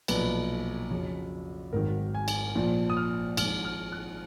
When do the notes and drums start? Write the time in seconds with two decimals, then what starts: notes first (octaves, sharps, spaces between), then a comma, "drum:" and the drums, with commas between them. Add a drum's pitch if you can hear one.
0.08 B1 A#2 F3 B4, drum: cymbal
0.90 F2 C#3 F#3
1.73 G#1 G#2 D#3 F#3 A#4
2.15 G#5
2.28 drum: cymbal
2.55 A#1 A#2 F3
2.90 D#6
2.97 F6
3.37 G#1 G#2 F3 F6, drum: cymbal
3.65 F6
3.92 F#6